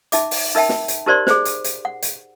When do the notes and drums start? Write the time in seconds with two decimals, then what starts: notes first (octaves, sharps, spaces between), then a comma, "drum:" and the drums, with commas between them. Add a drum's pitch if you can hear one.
0.12 D#4 E5 D6, drum: hi-hat
0.31 drum: open hi-hat
0.55 D#4 A#4 E5 G5 A5
0.69 drum: snare
0.88 drum: hi-hat
1.06 D#4 G4 A#4 C5 D5 C6
1.27 G#4 C5, drum: snare
1.45 drum: hi-hat
1.64 drum: hi-hat
1.85 F#5
2.02 drum: hi-hat